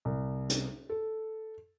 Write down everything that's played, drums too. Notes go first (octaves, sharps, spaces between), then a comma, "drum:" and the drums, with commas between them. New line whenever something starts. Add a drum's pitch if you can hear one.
C2
drum: hi-hat
A4